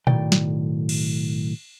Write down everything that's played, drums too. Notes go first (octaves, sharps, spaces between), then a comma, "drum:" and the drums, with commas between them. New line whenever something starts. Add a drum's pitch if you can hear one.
B1 E2 A2 D#3 D5 G5, drum: tom A#2
drum: snare
drum: cymbal